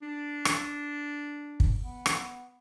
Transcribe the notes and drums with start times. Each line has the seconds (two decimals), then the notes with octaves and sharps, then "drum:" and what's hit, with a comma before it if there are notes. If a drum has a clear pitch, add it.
0.02 D4
0.45 drum: rim click
1.60 drum: kick
1.83 B3
2.06 drum: rim click